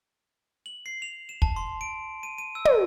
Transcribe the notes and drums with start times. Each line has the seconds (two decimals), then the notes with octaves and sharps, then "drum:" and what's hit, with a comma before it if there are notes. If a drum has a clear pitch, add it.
0.66 F#7
0.86 C7
1.02 F7
1.29 E7
1.42 A5, drum: kick
1.56 C6
1.81 D7
2.23 D#7
2.38 D#7
2.55 E6
2.65 drum: tom